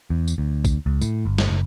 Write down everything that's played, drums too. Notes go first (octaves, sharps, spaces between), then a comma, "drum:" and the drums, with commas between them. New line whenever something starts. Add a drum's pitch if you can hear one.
E2
drum: tambourine
D2
drum: kick, tambourine
C#2
A2, drum: tambourine
G1
drum: snare
F#1